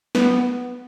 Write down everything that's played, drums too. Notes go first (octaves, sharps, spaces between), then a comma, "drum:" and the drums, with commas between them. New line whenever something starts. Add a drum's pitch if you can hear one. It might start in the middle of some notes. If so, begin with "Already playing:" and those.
B3, drum: snare